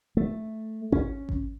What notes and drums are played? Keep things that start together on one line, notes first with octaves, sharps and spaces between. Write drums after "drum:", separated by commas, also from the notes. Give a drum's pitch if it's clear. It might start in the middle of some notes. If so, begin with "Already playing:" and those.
A3
C#4, drum: kick G#1
drum: kick G#1